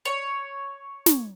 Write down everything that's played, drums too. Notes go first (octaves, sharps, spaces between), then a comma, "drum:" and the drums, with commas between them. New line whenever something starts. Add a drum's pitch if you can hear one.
C#5
drum: snare